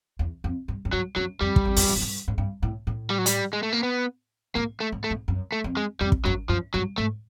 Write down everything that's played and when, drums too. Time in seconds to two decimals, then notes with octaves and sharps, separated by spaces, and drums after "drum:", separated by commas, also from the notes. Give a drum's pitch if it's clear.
0.19 E2
0.44 F2
0.68 G2
0.85 F#2
0.93 G2 F#3
1.16 F#2 F#3
1.41 F2 G3
1.56 drum: kick
1.65 F2
1.77 E2, drum: open hi-hat
1.89 F2
1.96 F#2
2.02 G2
2.28 G#2
2.38 G2
2.63 A2
2.87 A2
3.10 G3
3.18 F#3
3.26 G3, drum: hi-hat
3.53 G#3
3.63 A3
3.73 A#3
3.83 B3
4.55 G#2 A#3
4.80 A3
4.92 G#2
5.04 A3
5.11 G#2
5.28 F#2
5.52 A3
5.64 F2
5.77 G#3
6.01 F2 G3
6.12 drum: kick
6.25 F#2 F#3
6.49 F#2 F3
6.74 G2 F#3
6.98 G#2 A3